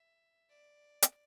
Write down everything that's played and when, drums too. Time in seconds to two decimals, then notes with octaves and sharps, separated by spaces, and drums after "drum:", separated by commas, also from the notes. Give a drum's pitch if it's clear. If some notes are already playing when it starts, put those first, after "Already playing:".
Already playing: E5
0.50 D5
1.02 drum: hi-hat